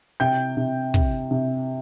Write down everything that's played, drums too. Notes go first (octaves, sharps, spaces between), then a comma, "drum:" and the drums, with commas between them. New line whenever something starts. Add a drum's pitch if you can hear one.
C3 G5 G6
C3
C3, drum: kick
C3